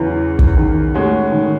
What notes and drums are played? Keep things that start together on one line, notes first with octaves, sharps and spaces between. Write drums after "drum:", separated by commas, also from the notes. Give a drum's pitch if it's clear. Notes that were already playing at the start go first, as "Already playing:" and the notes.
Already playing: E2 C#3 E3 F#3 C#4
drum: kick
D#3
A2 G#3 C#4 F#4
D#3